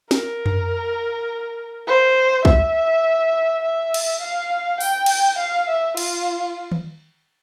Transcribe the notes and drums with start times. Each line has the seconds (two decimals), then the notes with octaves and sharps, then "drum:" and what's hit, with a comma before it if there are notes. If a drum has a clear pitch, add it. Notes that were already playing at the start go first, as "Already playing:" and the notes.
0.11 A#4, drum: snare
0.46 drum: tom F#2
1.87 C5
2.45 E5, drum: kick
3.62 E5
3.94 drum: cymbal
4.22 F5
4.80 G5, drum: open hi-hat
5.06 drum: cymbal
5.39 F5
5.69 E5
5.97 F4, drum: cymbal
6.72 drum: tom D#3